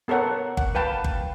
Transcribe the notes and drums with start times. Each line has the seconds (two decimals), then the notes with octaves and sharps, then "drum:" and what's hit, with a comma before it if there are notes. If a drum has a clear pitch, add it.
0.08 B3 A4 A#4 C#5 F#5
0.57 F#5, drum: kick G1
0.75 B4 F5 G5 A5
1.04 drum: kick G1